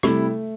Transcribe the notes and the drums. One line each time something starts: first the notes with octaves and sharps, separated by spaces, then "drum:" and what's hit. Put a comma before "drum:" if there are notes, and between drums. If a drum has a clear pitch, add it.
C3 G3 A3 E4, drum: rim click